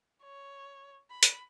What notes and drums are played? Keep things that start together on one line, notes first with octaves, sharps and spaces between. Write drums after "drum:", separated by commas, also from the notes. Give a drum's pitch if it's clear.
C#5
B5
drum: hi-hat